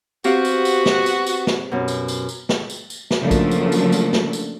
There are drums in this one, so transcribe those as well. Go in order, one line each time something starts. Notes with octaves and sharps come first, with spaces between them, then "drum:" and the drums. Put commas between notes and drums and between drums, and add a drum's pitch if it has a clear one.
B3 C4 F#4 G4 F5, drum: tambourine
drum: tambourine
drum: tambourine
drum: snare
drum: tambourine
drum: tambourine
drum: snare
F#2 B2
drum: tambourine
drum: tambourine
drum: tambourine
drum: snare
drum: tambourine
drum: tambourine
drum: snare
C#3 F3 F#3 A3 A#3 D4
drum: kick, tambourine
drum: tambourine
drum: tambourine
drum: tambourine
drum: snare
drum: tambourine